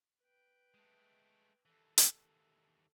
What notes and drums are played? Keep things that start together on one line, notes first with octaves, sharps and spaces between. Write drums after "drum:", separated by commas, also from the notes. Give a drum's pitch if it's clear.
B4 G5
G#3 A3
D#2 E3 A4
drum: hi-hat